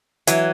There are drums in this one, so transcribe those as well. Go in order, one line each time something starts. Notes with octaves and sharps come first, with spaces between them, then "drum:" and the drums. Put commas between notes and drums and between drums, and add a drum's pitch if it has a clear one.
E3 F#3, drum: hi-hat